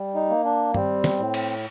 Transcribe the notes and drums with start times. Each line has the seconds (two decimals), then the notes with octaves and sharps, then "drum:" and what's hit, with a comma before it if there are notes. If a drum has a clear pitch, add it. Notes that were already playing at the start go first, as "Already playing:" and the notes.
Already playing: G3
0.15 D#4
0.30 A#3
0.45 D4
0.74 G3 C4, drum: tom G2
1.04 drum: snare
1.19 A2
1.34 drum: cymbal